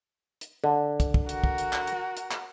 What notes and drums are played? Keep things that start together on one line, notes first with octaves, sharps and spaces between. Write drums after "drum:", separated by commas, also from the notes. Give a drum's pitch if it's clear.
drum: hi-hat
D3
drum: kick, hi-hat
drum: kick
F#4 A#4, drum: hi-hat
drum: kick
drum: hi-hat
drum: clap
drum: hi-hat
drum: hi-hat
drum: clap